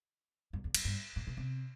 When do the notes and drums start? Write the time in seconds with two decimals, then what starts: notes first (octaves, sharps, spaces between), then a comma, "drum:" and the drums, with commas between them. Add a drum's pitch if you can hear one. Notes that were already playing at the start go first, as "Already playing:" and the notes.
0.53 F#2
0.64 E2
0.74 F#2, drum: cymbal
0.85 G2
1.16 A2
1.27 B2
1.37 C3